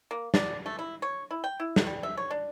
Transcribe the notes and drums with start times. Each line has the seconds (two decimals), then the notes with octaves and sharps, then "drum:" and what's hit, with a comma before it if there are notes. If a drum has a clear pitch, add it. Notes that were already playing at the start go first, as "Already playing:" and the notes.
0.11 A#3
0.34 D4, drum: snare
0.66 A3
0.79 E4
1.02 C#5
1.31 E4
1.44 G5
1.60 E4
1.76 drum: snare
1.86 G3
2.03 E5
2.17 C#5
2.30 D4